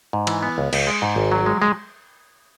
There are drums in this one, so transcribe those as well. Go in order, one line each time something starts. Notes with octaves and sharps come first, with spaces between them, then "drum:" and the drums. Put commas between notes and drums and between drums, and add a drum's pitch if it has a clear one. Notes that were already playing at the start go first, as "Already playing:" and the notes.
G#2
E3, drum: cymbal
B3
C#2
C#2, drum: cymbal
G#3
G#2
G#1
F#3
G#3
G#3